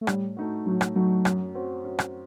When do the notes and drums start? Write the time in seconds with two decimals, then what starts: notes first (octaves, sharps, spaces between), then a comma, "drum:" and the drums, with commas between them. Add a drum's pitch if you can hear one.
0.01 A3
0.07 A2 G3, drum: rim click
0.36 A3 D#4 F#4
0.66 A2 F#3
0.81 drum: rim click
0.95 F#3 A3 D#4 F#4
1.25 F#2, drum: rim click
1.54 F#3 C4 F#4
1.84 F#2
1.99 drum: rim click